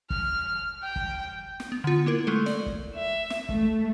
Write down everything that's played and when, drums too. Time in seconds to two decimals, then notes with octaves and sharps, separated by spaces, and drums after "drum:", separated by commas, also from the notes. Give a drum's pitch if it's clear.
0.10 F6, drum: kick
0.83 G5
0.96 drum: kick
1.60 drum: snare
1.72 B3
1.84 D3 F4
2.06 A#3 E4 A#4
2.27 G#3 A3 A4
2.46 D5, drum: snare
2.66 drum: kick
2.95 E5
3.30 drum: snare
3.49 A3, drum: kick